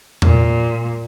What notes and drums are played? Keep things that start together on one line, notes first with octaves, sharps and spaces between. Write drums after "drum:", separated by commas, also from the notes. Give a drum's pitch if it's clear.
A#2, drum: tom E2